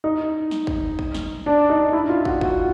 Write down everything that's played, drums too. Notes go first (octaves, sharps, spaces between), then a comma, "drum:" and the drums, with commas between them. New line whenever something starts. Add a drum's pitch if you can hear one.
D#4
drum: snare
drum: kick
drum: kick
drum: snare
D4
D#4
E4
F4
F#4, drum: kick
F#4, drum: kick